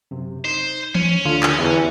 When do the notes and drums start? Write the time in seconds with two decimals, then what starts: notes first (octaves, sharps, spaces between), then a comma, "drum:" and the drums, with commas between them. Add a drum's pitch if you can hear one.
0.11 F#2 C3
0.45 D#4 C5
0.95 C#4, drum: tom E3
1.25 D2 D3 F4
1.43 drum: clap
1.59 E2 E3 G4 A5